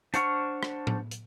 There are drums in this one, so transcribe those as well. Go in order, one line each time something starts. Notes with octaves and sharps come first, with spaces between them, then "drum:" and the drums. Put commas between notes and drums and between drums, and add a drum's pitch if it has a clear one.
D4 C5 F#5 C#6 F6, drum: hi-hat
drum: rim click
drum: tom A2
drum: hi-hat